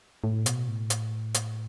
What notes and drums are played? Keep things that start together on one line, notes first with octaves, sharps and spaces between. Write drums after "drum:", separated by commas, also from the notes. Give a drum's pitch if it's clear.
A2
B2, drum: hi-hat
A2
drum: hi-hat
drum: hi-hat